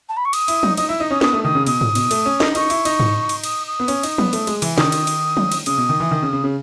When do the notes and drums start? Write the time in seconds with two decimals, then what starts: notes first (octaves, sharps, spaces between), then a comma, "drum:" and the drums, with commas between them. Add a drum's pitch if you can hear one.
0.09 A5
0.17 B5
0.25 C#6
0.33 D#6, drum: cymbal
0.48 E4, drum: cymbal
0.63 D#4, drum: tom F3
0.77 D#4 D#6, drum: cymbal
0.89 E4 E6
1.00 D#4 D#6
1.11 C#4 D#6
1.21 B3 D#6, drum: snare
1.33 A3
1.43 D#3 D#6
1.55 C#3
1.66 B2 D#6, drum: cymbal
1.81 drum: tom G#2
1.95 B2, drum: cymbal
2.11 A3, drum: cymbal
2.26 C#4
2.40 D#4, drum: snare
2.55 D#4 C#6, drum: cymbal
2.70 E4, drum: cymbal
2.85 D#4, drum: cymbal
3.00 drum: tom G#2
3.29 drum: cymbal
3.44 D#6, drum: cymbal
3.67 D#6
3.80 B3
3.88 C#4, drum: cymbal
4.03 D#4, drum: cymbal
4.18 B3, drum: tom F3
4.33 A3, drum: cymbal
4.47 G#3, drum: cymbal
4.62 E3, drum: cymbal
4.78 D#3 D#6, drum: snare
4.92 drum: cymbal
5.07 drum: cymbal
5.37 drum: tom F3
5.52 drum: cymbal
5.66 C#3 D#6, drum: cymbal
5.78 B2
5.89 D#3
6.00 E3
6.11 D#3
6.23 C#3
6.33 C#3
6.44 C#3